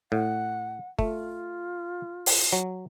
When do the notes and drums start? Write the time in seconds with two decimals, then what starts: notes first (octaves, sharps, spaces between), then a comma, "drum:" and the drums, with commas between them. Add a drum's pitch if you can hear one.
0.12 A2 F#5
0.99 A3 F4, drum: kick
2.26 drum: open hi-hat
2.53 F#3